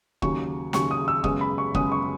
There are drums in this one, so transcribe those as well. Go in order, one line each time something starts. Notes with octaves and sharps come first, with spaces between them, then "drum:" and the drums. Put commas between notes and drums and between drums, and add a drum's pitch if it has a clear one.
D#2 C#3 F#3 C#6, drum: kick
D#2 C#3 F#3 C#6, drum: snare
D#6
E6
F#2 C#3 G#3 B3 D#6, drum: kick
B5
C#6
F#2 C#3 G#3 B3 D#6, drum: kick
C#6